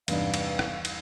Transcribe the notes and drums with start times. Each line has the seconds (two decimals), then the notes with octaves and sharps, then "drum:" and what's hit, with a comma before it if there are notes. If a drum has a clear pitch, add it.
0.08 E2 G2 C3 B3 D4 D#4 F5, drum: cymbal
0.34 drum: cymbal
0.59 drum: rim click
0.85 drum: cymbal